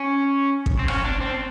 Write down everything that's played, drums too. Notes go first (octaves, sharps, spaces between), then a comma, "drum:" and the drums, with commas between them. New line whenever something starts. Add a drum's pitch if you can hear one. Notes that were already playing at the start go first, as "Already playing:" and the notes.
Already playing: C#4
drum: kick
C4
C#4, drum: rim click
D4
C4